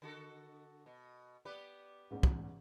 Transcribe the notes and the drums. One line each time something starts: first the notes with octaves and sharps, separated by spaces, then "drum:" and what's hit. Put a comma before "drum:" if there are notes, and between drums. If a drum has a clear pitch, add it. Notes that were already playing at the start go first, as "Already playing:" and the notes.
D3 F#4 A4
B2
B3 G4 B4 D5
A1 E2 G#2
drum: kick